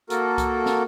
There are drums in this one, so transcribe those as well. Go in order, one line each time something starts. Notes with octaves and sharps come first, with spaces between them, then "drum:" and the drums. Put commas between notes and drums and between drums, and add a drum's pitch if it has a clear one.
A#3 F#4 A4 A#4, drum: hi-hat
drum: kick C2, hi-hat
drum: snare